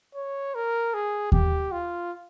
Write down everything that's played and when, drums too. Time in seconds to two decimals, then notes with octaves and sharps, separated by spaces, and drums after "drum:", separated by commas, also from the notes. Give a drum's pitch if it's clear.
0.15 C#5
0.55 A#4
0.94 G#4
1.32 G4, drum: kick D#2
1.72 F4